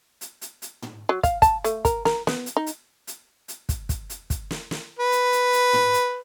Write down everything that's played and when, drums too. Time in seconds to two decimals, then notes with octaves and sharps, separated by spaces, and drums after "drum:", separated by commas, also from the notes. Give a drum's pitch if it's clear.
0.21 drum: hi-hat
0.41 drum: hi-hat
0.62 drum: hi-hat
0.82 drum: tom
1.09 F#3
1.23 F5, drum: kick, hi-hat
1.42 A5, drum: kick, hi-hat
1.64 A3, drum: hi-hat
1.85 A#4, drum: kick, hi-hat
2.05 A#4, drum: snare
2.27 B3, drum: snare
2.46 drum: hi-hat
2.57 D#4
2.66 drum: hi-hat
3.07 drum: hi-hat
3.48 drum: hi-hat
3.69 drum: kick, hi-hat
3.89 drum: kick, hi-hat
4.10 drum: hi-hat
4.30 drum: kick, hi-hat
4.51 drum: snare
4.71 drum: snare
4.99 B4
5.12 drum: hi-hat
5.32 drum: hi-hat
5.53 drum: hi-hat
5.73 drum: tom
5.94 drum: hi-hat